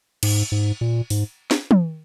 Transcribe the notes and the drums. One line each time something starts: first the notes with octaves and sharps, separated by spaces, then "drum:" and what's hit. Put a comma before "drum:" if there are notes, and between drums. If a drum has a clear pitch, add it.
G#2, drum: cymbal
G#2
A#2
G#2, drum: open hi-hat
drum: snare
drum: tom